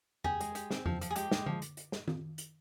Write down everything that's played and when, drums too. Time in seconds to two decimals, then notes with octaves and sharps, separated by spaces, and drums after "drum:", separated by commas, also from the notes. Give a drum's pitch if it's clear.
0.24 G4 G#4, drum: tom E2
0.40 G#3, drum: hi-hat
0.55 G4, drum: hi-hat
0.71 C4, drum: snare
0.86 F3, drum: tom E2
1.01 F3, drum: hi-hat
1.11 G#4
1.16 G#3 G4, drum: hi-hat
1.31 G#3, drum: snare
1.46 F3, drum: tom D3
1.62 drum: hi-hat
1.77 drum: hi-hat
1.92 drum: snare
2.08 drum: tom D#3
2.38 drum: hi-hat